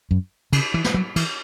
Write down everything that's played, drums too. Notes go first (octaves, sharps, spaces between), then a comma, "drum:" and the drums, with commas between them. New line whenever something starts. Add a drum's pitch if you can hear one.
F#2
C#3, drum: cymbal
E3
drum: snare
F#3
E3, drum: cymbal